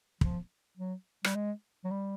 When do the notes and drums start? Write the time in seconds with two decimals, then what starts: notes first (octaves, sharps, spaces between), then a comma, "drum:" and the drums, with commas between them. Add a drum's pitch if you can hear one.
0.21 F3, drum: kick
0.77 F#3
1.24 G3, drum: rim click
1.35 G#3
1.84 F#3
1.91 G3